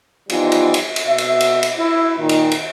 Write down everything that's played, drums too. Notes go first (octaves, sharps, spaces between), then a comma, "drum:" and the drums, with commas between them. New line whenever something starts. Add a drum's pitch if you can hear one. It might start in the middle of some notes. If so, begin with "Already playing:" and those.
E3 F3 G3 B3 D#4 F4, drum: cymbal
drum: cymbal
drum: cymbal
drum: cymbal
B2 E5
drum: cymbal
drum: cymbal
drum: cymbal
E4
A#2 D#3
drum: cymbal
drum: cymbal